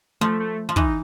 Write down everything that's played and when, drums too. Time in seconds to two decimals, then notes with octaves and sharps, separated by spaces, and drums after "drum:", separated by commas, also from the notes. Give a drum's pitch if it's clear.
0.21 F3 A3
0.40 A3
0.69 F3
0.76 E3 D#4, drum: kick